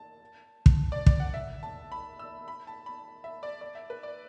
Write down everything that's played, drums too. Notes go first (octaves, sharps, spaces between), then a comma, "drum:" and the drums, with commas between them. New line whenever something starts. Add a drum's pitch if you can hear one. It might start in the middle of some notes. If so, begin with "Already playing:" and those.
Already playing: A5
drum: kick
D5
D5, drum: kick
F#5
E5
A5
B5
E6
B5
A5
B5
E5
D5
D5
E5
B4
D5